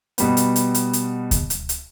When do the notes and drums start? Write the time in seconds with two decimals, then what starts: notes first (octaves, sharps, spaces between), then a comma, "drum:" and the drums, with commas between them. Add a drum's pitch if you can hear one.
0.18 B2 G3 B3, drum: hi-hat
0.37 drum: hi-hat
0.56 drum: hi-hat
0.75 drum: hi-hat
0.93 drum: hi-hat
1.31 drum: kick D2, hi-hat
1.50 drum: hi-hat
1.69 drum: hi-hat